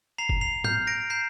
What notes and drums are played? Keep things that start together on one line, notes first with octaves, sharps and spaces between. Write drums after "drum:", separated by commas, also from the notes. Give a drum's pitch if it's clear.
A#5 C7 F7
drum: kick F#1
C7 F7
F6 G6 C7, drum: tom G#2
A#6 D7
A#5 G6 C7